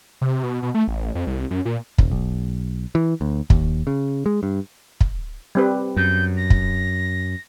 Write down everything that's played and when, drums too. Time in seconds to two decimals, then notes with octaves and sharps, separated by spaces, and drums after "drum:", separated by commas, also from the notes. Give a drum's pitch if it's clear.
0.21 C3
0.43 B2
0.63 B2
0.74 A3
0.88 A1
1.15 F2
1.27 C2
1.51 F#2
1.65 A#2
1.98 E1, drum: kick
2.11 B1
2.95 E3
3.21 D2
3.50 D#2, drum: kick
3.87 C#3
4.26 G#3
4.43 G2
5.01 drum: kick
5.55 G3 C4 B4
5.97 F#2 G6
6.37 A#6
6.50 drum: kick